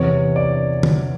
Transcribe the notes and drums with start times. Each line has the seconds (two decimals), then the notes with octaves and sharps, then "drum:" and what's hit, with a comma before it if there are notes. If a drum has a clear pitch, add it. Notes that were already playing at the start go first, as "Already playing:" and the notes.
Already playing: E2 C3 E3 C#5
0.36 D5
0.83 drum: tom